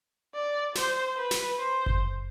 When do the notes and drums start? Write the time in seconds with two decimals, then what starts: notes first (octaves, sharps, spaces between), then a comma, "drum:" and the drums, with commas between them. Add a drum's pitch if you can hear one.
0.34 D5
0.75 C5, drum: snare
1.17 B4
1.31 drum: snare
1.58 C5
1.86 drum: kick F#1